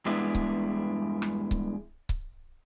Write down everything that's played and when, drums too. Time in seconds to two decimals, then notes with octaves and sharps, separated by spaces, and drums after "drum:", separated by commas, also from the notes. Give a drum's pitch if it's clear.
0.06 E2 G2 G#3 B3 D4 E4
0.35 drum: kick C#1
1.22 drum: rim click
1.51 drum: kick C#1
2.09 drum: kick C#1